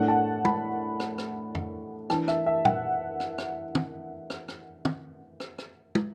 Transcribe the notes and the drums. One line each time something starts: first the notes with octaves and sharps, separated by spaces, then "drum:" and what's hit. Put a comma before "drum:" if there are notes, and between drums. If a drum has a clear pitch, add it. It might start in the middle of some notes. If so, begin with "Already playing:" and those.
Already playing: A2 A3 D4 F#5
A5
B5, drum: tom
drum: rim click
drum: rim click
drum: tom F2
E3 D4 A5, drum: rim click
E5, drum: rim click
E5
F#5, drum: tom
drum: rim click
drum: rim click
drum: tom
drum: rim click
drum: rim click
drum: tom
drum: rim click
drum: rim click
drum: tom